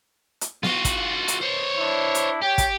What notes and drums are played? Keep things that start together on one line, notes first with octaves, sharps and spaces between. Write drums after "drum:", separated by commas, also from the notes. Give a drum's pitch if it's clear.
drum: hi-hat
F4 F#4, drum: snare B3
drum: kick, hi-hat
drum: hi-hat
C5 C#5
D4 E4
drum: hi-hat
G4 C#5 G5
drum: kick, hi-hat